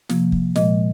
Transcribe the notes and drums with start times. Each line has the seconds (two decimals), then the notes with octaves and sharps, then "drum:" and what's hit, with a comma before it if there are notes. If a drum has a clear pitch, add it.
0.09 C3 F3 A#3, drum: snare
0.32 drum: kick
0.56 A#2 F3 G#3 D#5, drum: snare